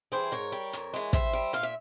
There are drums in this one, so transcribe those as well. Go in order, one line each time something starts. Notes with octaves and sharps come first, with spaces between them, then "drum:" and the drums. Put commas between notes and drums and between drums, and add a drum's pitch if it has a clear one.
E3 G3 G#4 C5
G#2 A#4 C#5
G3
F2, drum: hi-hat
E3 G#3
G2 C5 E5, drum: kick, hi-hat
G3
A#2 F5, drum: hi-hat
E5